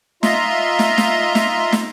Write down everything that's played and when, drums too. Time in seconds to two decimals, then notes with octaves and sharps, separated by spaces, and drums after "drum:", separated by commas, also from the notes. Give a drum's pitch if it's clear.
0.23 F4 D#5 E5 A#5 C6, drum: snare
0.79 drum: snare
0.98 drum: snare
1.35 drum: snare
1.72 drum: snare